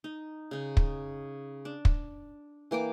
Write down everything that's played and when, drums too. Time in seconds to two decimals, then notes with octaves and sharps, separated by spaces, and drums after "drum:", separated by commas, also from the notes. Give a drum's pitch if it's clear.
0.04 D#4
0.51 C#3 D#4
0.77 drum: kick
1.65 D4
1.85 drum: kick
2.71 E3 A#3 G5 D6